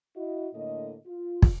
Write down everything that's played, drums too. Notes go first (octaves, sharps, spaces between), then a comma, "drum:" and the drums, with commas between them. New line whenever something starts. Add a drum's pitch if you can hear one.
E4 F#4 D#5
A2 D3 A#3 D#5
F4
drum: kick